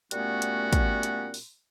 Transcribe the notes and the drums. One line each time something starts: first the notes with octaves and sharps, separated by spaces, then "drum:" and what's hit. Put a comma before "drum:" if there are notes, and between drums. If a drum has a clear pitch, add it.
A#2 G3 A3 B3 C#4 F#4, drum: hi-hat
drum: hi-hat
drum: kick, hi-hat
drum: hi-hat
drum: open hi-hat